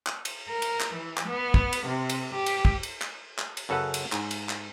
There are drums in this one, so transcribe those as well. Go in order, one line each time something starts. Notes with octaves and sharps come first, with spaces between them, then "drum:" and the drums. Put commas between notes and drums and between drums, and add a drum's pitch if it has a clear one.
drum: clap
drum: cymbal
A#4
drum: cymbal
drum: clap
E3
drum: clap
B3
drum: kick
drum: cymbal
C3
drum: cymbal
G4
drum: cymbal
drum: kick
drum: cymbal
drum: clap
drum: clap
drum: cymbal
F#2 C#3 A4 B4 F#5
drum: cymbal
G#2, drum: clap
drum: cymbal
drum: clap